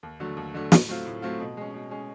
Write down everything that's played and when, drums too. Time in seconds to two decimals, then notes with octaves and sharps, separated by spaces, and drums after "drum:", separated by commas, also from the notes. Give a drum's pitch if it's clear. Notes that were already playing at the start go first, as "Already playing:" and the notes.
0.03 D#2
0.20 D3 F#3 A3
0.37 D#2
0.54 D3 F#3 A3
0.72 A2, drum: snare
0.89 F#3 A3 C4 F4
1.06 A2
1.22 F#3 A3 C4 F4
1.40 B2
1.57 G#3 C#4
1.74 B2
1.91 G#3 C#4